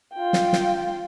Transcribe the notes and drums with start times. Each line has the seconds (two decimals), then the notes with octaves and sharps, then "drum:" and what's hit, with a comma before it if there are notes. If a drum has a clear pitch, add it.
0.14 F4 G5
0.33 drum: snare
0.53 drum: snare